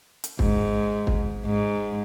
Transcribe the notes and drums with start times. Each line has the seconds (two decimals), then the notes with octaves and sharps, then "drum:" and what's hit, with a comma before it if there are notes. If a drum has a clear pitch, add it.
0.24 drum: hi-hat
0.39 G#2, drum: kick
1.07 drum: kick
1.45 G#2